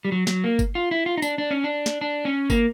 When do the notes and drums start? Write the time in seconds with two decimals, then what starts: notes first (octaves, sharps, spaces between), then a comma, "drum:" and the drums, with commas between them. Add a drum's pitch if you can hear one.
0.05 G3
0.12 F#3
0.27 F#3, drum: snare
0.44 A#3
0.59 drum: kick G1, tambourine
0.75 F4
0.91 E4
1.06 F4
1.17 D#4
1.22 D4, drum: tambourine
1.38 D4
1.51 C#4
1.64 D4
1.86 drum: snare
2.01 D4
2.25 C#4
2.50 A#3, drum: kick G1, tambourine